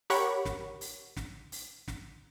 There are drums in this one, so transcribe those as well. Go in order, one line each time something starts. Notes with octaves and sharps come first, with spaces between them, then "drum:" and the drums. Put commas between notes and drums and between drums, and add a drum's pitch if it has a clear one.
G4 A#4 C#5 F#5 B5 C#6, drum: open hi-hat
drum: snare
drum: open hi-hat
drum: snare
drum: open hi-hat
drum: snare